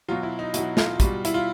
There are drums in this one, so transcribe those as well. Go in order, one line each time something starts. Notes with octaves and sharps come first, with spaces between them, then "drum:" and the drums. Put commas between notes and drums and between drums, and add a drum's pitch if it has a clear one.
B2 F#3 F4
E4
D#4
B2 F#3 E4, drum: hi-hat
F4, drum: snare
B2 G3, drum: kick, hi-hat
E4, drum: hi-hat
F4